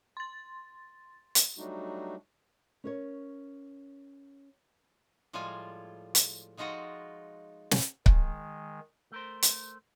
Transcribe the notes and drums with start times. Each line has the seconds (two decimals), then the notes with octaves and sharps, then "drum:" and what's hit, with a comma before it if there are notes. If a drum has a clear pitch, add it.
0.17 C6 A6
1.35 drum: hi-hat
1.58 F#3 G3 A3 D4 D#4 F#4
2.84 C#4 A#4 C#5
5.33 A2 F3 G3 G#3 F4 G#5
6.15 drum: hi-hat
6.57 F3 G#3 D#4 F4 F#4 D#5
7.71 drum: snare
8.06 D#3 G#3, drum: kick C#1
9.12 A3 A#4 C5
9.42 drum: hi-hat